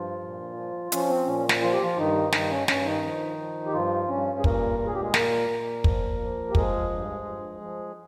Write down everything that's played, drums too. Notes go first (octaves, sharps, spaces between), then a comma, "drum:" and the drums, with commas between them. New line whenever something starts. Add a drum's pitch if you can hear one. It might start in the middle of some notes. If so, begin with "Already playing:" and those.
Already playing: G2 F3 F4
A#2
F3
F3 C#4, drum: hi-hat
C4
A#2 C#4
drum: snare
F3 F4
G4
F3 F4
G2 D#3 D#4
G2 D#3 D#4, drum: snare
C#4
G2 C#4, drum: snare
D#3 D#4
F3
F3
G4
G2 F3 F4
G2 C#4
G#4
A#2 A#3 A#4, drum: kick
A#2 A#4
G#4
G4
G#3 G#4
A#2 A#3 A#4, drum: snare
A#2
F3, drum: kick
F3
G4
F3 G#3 G#4, drum: kick
G2
F3
F3